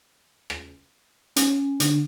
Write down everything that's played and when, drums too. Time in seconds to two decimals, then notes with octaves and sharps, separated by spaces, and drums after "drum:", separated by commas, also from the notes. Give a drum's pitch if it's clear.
0.50 drum: rim click
1.36 C#4, drum: hi-hat
1.80 D3, drum: hi-hat